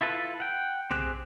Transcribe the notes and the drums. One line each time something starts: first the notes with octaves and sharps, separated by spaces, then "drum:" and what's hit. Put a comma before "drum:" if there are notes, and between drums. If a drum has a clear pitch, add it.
E4 F4 A4 B4
F#5 G5
C4 G4 G#4 F#6, drum: tom B1